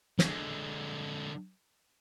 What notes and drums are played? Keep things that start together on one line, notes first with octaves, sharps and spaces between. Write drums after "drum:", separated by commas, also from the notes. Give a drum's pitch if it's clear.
D3 G#3, drum: snare